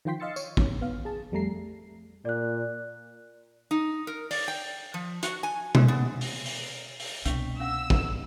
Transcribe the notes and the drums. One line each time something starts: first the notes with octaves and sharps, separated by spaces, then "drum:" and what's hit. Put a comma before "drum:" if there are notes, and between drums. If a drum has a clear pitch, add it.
D#3 F3 F4 G5 C6 B6
D#5 F5 C6 E6 A6 C#7
C#5, drum: tambourine
drum: kick
B3 F5
G#4 A5
F2 G3 A3 A#5 C7
A#2 D5 F#6
D#4
A#4
D5, drum: open hi-hat
G5
F3
F#4, drum: hi-hat
G#5
G#3, drum: tom B2
B3
drum: open hi-hat
drum: open hi-hat
drum: open hi-hat
C2 B2 D4 C#6 B6, drum: hi-hat
C#4 F5 F#5 E6
drum: kick